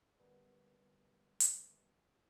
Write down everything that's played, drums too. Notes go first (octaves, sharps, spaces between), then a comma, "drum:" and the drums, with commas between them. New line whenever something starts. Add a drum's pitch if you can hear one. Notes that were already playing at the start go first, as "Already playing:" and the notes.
D3 G3 B3 A#4 B4
drum: hi-hat